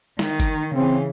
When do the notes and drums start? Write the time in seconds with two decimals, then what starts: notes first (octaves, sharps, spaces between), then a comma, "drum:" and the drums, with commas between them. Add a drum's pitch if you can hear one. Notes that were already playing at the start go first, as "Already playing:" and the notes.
0.19 D#3, drum: snare
0.40 drum: kick G1, hi-hat
0.75 C#3 E3 C4